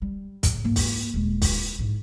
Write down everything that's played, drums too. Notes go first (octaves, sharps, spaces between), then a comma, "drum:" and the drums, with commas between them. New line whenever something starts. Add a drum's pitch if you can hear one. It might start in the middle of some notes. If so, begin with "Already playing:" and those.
G3
A2 C#3, drum: kick, hi-hat
G#2 A#3
drum: kick, open hi-hat
D#1 G#3
drum: kick, open hi-hat
G#2 E4